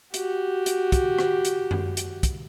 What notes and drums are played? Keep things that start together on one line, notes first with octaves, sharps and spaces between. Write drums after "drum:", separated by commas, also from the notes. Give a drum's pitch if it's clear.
F#4 G4, drum: hi-hat
drum: hi-hat
drum: kick, hi-hat
drum: rim click
drum: hi-hat
drum: tom F#2
drum: hi-hat
drum: kick, hi-hat